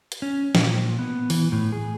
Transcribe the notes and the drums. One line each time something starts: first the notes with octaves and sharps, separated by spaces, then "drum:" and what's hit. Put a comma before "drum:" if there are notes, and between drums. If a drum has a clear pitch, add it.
drum: hi-hat
C#4
A#2, drum: snare
B3
E3, drum: open hi-hat
A2
G#4